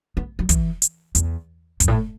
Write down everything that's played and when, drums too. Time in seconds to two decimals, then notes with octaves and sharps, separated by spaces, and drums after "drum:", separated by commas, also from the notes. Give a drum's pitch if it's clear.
0.17 B3
0.39 F#3
0.49 E3, drum: kick, hi-hat
0.82 drum: hi-hat
1.15 E2, drum: hi-hat
1.80 F#2, drum: kick, hi-hat
1.88 A2